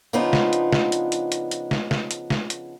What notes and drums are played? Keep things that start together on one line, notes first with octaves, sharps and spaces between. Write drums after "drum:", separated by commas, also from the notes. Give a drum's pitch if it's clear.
C#3 F3 B3 D4 D#4 F4
drum: snare
drum: hi-hat
drum: snare
drum: hi-hat
drum: hi-hat
drum: hi-hat
drum: hi-hat
drum: snare
drum: snare
drum: hi-hat
drum: snare
drum: hi-hat